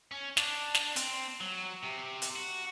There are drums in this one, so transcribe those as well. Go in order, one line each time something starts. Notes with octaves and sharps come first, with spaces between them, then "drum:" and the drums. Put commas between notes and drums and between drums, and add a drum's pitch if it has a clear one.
C#4
D4, drum: snare
drum: snare
C4, drum: hi-hat
F#3
C3
drum: hi-hat
F#4